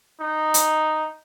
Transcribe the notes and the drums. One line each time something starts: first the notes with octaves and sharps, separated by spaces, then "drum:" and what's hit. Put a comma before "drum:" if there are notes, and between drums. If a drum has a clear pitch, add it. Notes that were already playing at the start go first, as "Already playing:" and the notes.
D#4
drum: hi-hat